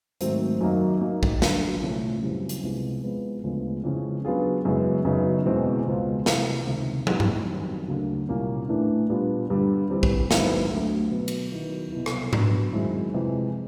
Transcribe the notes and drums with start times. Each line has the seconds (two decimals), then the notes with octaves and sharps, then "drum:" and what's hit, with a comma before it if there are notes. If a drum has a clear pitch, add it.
0.21 G#2 D#3 F#3 A3 C4, drum: hi-hat
0.61 F#2 D#3 F#3 A#3 D#4
1.01 F#3 A#3 D#4
1.23 drum: kick A#1
1.42 G2 D3 F#3, drum: snare
1.82 C2 A#2 F3 A3 C#4
2.23 F#2 C#3 E3 G3 C4
2.49 drum: hi-hat
2.63 C2 C3 F3 G#3 B3
3.03 F3 G#3 B3
3.44 D2 C#3 F3 G#3 B3
3.84 F2 C#3 E3 G#3 C#4
4.25 F#3 B3 D4 F4 G#4
4.65 F#2 C#3 E3 G#3 B3
5.05 F#2 C#3 F#3 B3 D#4
5.46 E2 B2 G#3 C4
5.86 C#2 B2 G#3 C4 F4
6.26 E2 C3 E3, drum: snare
6.67 C#2 C3 D#3
7.07 A2 E3 G3 B3 D#4, drum: tom
7.20 drum: tom G2
7.48 F#2 D#3 G3 C4
7.88 D2 C#3 F#3 A#3 D4
8.29 C2 A#2 G3 A#3 C#4
8.68 A2 E3 A3 D4
9.10 A#2 G3 B3 D4 F4
9.50 G2 D3 G3
9.90 E3 G3 C4
10.03 drum: kick A#1
10.31 G#2 D#3 F#3 B3 E4, drum: snare
10.71 D2 D3 F#3 A3
11.11 B2 F#3 B3
11.28 drum: cymbal
11.52 D#3 F#3 B3 E4
11.92 C2 B2 F#3 B3 E4
12.06 drum: rim click
12.33 F#3 B3 D4 F#4, drum: tom G#2
12.73 F#2 D#3 G#3 C4 E4
13.14 F2 C3 E3 G#3